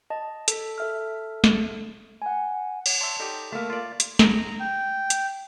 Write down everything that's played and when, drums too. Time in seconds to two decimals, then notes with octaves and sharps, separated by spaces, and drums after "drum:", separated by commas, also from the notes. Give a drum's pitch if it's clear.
0.10 D#5 A5
0.48 A4 B6, drum: hi-hat
0.78 A4 E5 F6
1.44 drum: snare
2.22 F#5 G#5
2.86 C#5 F#5, drum: cymbal
3.01 D5 E5 A5 C6
3.20 D#4 G4 A4 D5
3.52 A3 A#3
3.70 F4 D5
4.00 drum: hi-hat
4.19 A#5, drum: snare
4.60 G5
5.10 drum: hi-hat